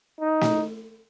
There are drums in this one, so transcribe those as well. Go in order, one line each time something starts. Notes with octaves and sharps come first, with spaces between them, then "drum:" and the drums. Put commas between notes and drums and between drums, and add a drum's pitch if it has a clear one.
D#4
drum: snare